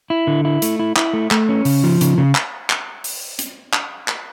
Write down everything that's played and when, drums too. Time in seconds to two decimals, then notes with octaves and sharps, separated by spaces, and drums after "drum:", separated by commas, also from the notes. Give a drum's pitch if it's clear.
0.10 E4
0.27 D3
0.45 E4
0.62 A3, drum: hi-hat
0.79 E4
0.96 E4, drum: clap
1.13 A3
1.31 A3, drum: clap
1.49 C#4
1.65 C#3, drum: open hi-hat
1.84 F3
2.01 C#3, drum: hi-hat
2.18 C#3
2.35 drum: clap
2.70 drum: clap
3.04 drum: open hi-hat
3.39 drum: hi-hat
3.73 drum: clap
4.08 drum: clap